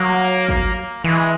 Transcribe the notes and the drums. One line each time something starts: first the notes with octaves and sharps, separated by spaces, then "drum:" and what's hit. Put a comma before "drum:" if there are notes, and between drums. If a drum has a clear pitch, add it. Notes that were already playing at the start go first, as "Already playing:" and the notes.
Already playing: F#3 A#3
A#3, drum: kick
A#3
E3 G#3